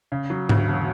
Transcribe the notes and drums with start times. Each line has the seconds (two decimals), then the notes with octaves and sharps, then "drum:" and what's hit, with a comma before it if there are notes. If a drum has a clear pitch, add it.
0.12 C#3
0.30 F#3
0.49 D2, drum: tom G#2
0.68 E1